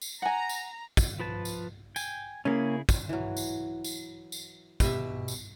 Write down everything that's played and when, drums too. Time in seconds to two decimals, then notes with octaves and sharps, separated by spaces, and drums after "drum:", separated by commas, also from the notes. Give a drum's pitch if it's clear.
0.02 drum: tambourine
0.22 F#5 G#5 A#5
0.49 drum: tambourine
0.97 drum: kick, tambourine
1.20 F3 B4 A5
1.45 drum: tambourine
1.96 G5 G#5, drum: tambourine
2.45 C#3 A#3 C#4 E4 G#4
2.89 drum: kick, tambourine
3.09 E3 F#3
3.37 drum: tambourine
3.84 drum: tambourine
4.32 drum: tambourine
4.80 B2 G4 E5, drum: kick, tambourine
5.28 drum: tambourine